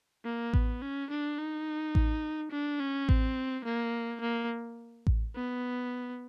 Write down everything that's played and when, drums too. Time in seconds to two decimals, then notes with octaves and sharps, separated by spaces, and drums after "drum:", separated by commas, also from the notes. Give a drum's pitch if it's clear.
0.25 A#3
0.54 B3, drum: kick A1
0.82 C#4
1.10 D4
1.39 D#4
1.95 drum: kick A1
2.52 D4
2.80 C#4
3.09 C4, drum: kick A1
3.65 A#3
4.21 A#3
5.07 drum: kick A1
5.35 B3